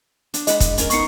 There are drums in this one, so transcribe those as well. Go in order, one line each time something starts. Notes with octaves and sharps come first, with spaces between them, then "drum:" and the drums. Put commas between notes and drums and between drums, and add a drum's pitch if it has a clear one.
D4, drum: hi-hat
G#3 D#5 F#5 B5, drum: hi-hat
drum: kick, hi-hat
C#4 A#4, drum: hi-hat
B3 D#4 C#6 C7 C#7, drum: hi-hat